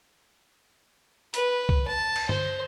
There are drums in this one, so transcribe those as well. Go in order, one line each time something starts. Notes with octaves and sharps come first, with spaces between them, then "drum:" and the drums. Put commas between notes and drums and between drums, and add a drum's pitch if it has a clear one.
B4, drum: hi-hat
drum: kick C2
A5
drum: cymbal
C5, drum: tom G2